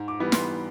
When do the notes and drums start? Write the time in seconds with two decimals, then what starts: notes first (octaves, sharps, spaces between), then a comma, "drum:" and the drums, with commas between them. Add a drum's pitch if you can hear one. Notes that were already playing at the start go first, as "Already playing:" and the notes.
Already playing: G#2
0.08 D6
0.20 E3 G3 B3
0.32 C6, drum: snare